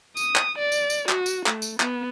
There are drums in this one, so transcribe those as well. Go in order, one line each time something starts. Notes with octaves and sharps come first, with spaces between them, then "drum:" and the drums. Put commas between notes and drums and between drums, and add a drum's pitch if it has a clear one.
D#6, drum: tambourine
drum: clap
D5
drum: tambourine
drum: tambourine
F#4, drum: clap
drum: tambourine
A3, drum: clap
drum: tambourine
B3, drum: clap